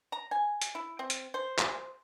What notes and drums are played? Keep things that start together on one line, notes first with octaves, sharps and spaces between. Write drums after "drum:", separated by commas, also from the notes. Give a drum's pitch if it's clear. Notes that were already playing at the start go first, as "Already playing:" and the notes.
A#5
G#5
drum: hi-hat
E4
C4
drum: hi-hat
C5
drum: clap